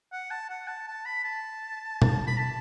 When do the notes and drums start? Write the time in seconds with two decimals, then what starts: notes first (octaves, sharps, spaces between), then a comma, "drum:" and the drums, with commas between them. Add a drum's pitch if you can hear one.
0.12 F#5
0.31 A5
0.49 F#5
0.68 A5
0.87 A5
1.06 B5
1.24 A5
2.02 drum: tom B2
2.27 B5
2.38 A5